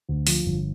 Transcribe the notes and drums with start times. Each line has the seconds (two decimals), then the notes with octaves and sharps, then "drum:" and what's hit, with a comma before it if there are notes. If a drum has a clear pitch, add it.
0.09 D2
0.27 F3, drum: open hi-hat
0.46 G1